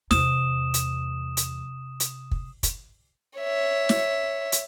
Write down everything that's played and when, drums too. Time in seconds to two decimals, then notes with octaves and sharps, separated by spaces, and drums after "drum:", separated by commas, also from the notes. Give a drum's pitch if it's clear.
0.11 E2 C3 D#6 E7, drum: snare
0.74 drum: hi-hat
1.37 drum: hi-hat
2.00 drum: hi-hat
2.31 drum: kick
2.63 drum: kick, hi-hat
3.38 C#5 E5
3.89 drum: snare
4.52 drum: hi-hat